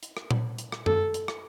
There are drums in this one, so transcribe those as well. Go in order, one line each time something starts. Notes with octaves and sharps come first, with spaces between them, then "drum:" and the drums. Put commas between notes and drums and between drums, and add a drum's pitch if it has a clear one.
drum: hi-hat
drum: rim click
drum: tom A#2
drum: hi-hat
drum: rim click
A4, drum: tom F#2
drum: hi-hat
drum: rim click